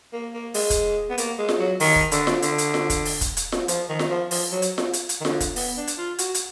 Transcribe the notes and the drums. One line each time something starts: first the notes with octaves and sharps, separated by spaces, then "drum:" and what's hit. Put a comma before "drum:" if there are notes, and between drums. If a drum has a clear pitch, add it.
A#3
A#3
G#3, drum: open hi-hat
drum: kick, hi-hat
B3
A#3, drum: hi-hat
G#3
drum: snare F4
F#3
D#3, drum: open hi-hat
drum: kick
D3, drum: hi-hat
drum: snare F4
D3, drum: hi-hat
drum: hi-hat
drum: snare F4
drum: kick, hi-hat
drum: open hi-hat
drum: kick, hi-hat
drum: hi-hat
drum: snare F4
F3, drum: hi-hat
D#3
drum: snare F4
F3
F3, drum: open hi-hat
F#3
drum: hi-hat
drum: snare F4
drum: hi-hat
drum: hi-hat
D#3
D3, drum: snare F4
drum: kick, hi-hat
B3, drum: open hi-hat
D4
drum: hi-hat
F4
F#4, drum: hi-hat
drum: hi-hat